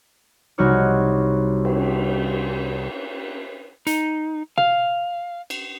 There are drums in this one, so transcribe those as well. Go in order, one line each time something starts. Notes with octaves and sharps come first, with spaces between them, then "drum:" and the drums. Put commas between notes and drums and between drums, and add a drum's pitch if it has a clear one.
C2 G3 D#4 F#4 C#5 F6
drum: cymbal
D#4, drum: hi-hat
F5, drum: tom B2
drum: cymbal